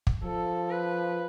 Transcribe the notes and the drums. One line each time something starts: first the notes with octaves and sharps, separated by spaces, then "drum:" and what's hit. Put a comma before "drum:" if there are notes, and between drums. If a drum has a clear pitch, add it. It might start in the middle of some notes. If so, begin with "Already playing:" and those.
drum: kick
F3 A4
B4